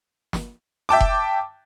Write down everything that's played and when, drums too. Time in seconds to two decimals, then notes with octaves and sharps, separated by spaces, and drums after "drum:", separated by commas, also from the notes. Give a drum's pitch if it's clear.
0.33 drum: snare
0.89 E5 G5 A5 D6
1.01 drum: kick F1